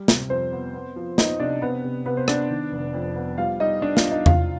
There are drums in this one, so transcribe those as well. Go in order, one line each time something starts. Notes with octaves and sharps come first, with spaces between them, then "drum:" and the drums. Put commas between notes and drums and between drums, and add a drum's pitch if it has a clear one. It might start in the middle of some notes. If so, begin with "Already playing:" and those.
Already playing: G3
C3, drum: snare
F2 C4 C5
B3
B3
F3
B3 D#4 D#5, drum: snare
C3 D4 D5
C3 B3 B4
C3
C3 B3 B4
C5
B3 D4 D5, drum: rim click
D#3
F1
F2
B3
G3 F4 F5
G3 D#4 D#5
G3 D4 D5
F4 F5, drum: snare
B3
D#4 D#5
C2 F4 F5, drum: tom E2